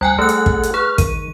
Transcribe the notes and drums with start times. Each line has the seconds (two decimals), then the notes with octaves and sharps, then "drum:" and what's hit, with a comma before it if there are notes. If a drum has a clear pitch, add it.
0.01 D2 G3 G5 G#5 F#6
0.19 A3 G#4 A4 F#5 F#6
0.29 drum: hi-hat
0.46 drum: kick
0.63 drum: hi-hat
0.74 G#4 B4 F6
0.98 D#3 D#7, drum: kick, hi-hat